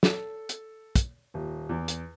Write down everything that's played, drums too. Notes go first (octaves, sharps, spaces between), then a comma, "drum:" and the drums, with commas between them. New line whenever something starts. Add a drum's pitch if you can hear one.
A4, drum: snare
drum: hi-hat
drum: kick, hi-hat
D#1
E2
drum: hi-hat